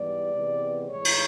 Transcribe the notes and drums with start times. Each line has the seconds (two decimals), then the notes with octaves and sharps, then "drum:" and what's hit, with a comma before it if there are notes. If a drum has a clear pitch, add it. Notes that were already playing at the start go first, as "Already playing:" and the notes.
Already playing: G#2 E3 G3 B3 D5
0.33 C3 E3 G#3 B3
0.88 A2 E3 G#3 C#5
1.05 drum: cymbal